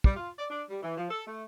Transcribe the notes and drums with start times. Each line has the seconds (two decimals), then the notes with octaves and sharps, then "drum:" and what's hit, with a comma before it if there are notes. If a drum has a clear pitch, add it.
0.04 G3, drum: kick
0.16 F4
0.38 D5
0.50 D4
0.69 G3
0.82 E3
0.97 F3
1.10 A4
1.26 A3